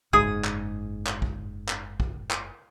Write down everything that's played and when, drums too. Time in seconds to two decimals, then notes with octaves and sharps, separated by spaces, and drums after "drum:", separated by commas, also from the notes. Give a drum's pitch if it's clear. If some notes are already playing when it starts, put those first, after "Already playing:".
0.13 F#1 G#2 G#4 D#6, drum: kick
0.44 drum: clap
1.07 drum: clap
1.22 drum: kick
1.69 drum: clap
2.00 drum: kick
2.31 drum: clap